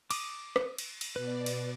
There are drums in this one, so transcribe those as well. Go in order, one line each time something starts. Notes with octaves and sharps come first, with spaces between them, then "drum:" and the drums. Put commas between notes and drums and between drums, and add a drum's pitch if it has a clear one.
D6 D#6, drum: cymbal
drum: rim click
drum: cymbal
drum: cymbal
B2 B4 D5
drum: cymbal